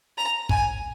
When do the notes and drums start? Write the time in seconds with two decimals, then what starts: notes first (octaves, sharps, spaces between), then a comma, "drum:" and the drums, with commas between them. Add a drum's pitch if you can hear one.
0.18 A#5
0.49 G#5, drum: kick